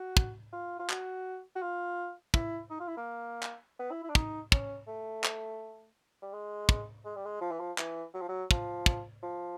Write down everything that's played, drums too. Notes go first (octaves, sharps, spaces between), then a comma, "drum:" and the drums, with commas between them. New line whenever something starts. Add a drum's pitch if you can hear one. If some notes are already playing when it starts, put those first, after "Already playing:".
Already playing: F#4
drum: kick
F4
F4
F#4, drum: clap
F#4
F4
E4, drum: kick
D#4
F4
E4
A#3
drum: clap
B3
E4
E4
D4
D#4, drum: kick
C#4, drum: kick
A3
drum: clap
G3
G#3
drum: kick
G#3
G3
G#3
F3
E3
F3
E3, drum: clap
F#3
F3
F#3
F3, drum: kick
drum: kick
F3